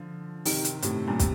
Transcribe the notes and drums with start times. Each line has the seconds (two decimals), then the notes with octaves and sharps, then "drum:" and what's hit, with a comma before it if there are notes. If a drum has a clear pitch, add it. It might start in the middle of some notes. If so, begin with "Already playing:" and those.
Already playing: D3 F3
0.45 C3 D#3, drum: open hi-hat
0.64 drum: hi-hat
0.82 A2 C3, drum: hi-hat
1.07 G2 A#2
1.19 C3, drum: kick, hi-hat